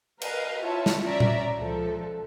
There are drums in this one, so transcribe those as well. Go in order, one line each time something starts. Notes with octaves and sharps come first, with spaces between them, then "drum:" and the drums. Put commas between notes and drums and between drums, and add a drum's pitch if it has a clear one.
A#4 B4 D#5 F5, drum: cymbal
E4 F4 C#5 E5 A5
drum: snare
C#4 D5 E5 A#5
drum: tom A#2
C#2 F3 A4